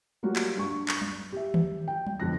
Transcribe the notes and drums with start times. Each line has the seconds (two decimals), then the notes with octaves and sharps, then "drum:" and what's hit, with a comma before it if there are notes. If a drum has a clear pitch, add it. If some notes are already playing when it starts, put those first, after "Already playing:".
0.23 F#3 G3 A#3 F4 F#4
0.36 drum: clap
0.57 G2 C#6
0.88 drum: clap
1.02 drum: tom F#3
1.32 G4 E5
1.54 drum: tom D#3
1.88 G5
2.07 drum: tom F#3
2.20 G1 F2 F#6 A#6